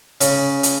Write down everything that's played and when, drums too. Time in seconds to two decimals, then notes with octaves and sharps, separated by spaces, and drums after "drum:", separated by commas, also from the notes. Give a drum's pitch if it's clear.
0.21 C#3, drum: hi-hat
0.63 drum: hi-hat